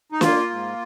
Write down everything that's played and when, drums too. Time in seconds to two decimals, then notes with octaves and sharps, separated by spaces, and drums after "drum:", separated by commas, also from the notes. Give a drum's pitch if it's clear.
0.12 D#4
0.21 A#3 F4, drum: snare
0.50 G#2